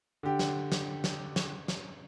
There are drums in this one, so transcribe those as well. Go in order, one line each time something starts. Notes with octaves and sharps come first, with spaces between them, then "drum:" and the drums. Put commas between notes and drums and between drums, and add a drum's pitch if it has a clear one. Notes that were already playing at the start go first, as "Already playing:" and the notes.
D3 G4
drum: snare
drum: snare
drum: snare
drum: snare
drum: snare